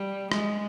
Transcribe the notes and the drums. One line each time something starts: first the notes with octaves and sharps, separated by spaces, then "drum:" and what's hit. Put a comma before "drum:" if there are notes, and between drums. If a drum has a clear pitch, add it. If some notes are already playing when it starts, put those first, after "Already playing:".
Already playing: G3
G#3, drum: rim click